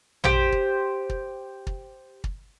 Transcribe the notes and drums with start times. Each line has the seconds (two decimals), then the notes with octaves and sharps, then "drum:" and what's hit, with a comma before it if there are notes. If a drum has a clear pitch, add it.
0.24 G4 C5, drum: tom
0.52 drum: kick
1.09 drum: kick
1.67 drum: kick
2.24 drum: kick